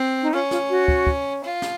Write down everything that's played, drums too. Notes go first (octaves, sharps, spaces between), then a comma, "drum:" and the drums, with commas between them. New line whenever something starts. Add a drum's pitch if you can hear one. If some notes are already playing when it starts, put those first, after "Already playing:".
Already playing: C4
D#4
C#4 F4
F4, drum: snare
F#4
drum: kick
drum: kick
F4
drum: snare